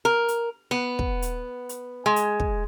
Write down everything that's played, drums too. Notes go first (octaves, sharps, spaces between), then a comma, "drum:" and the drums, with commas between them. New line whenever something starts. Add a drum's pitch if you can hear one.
A#4
drum: hi-hat
B3
drum: kick
drum: hi-hat
drum: hi-hat
G#3
drum: hi-hat
drum: kick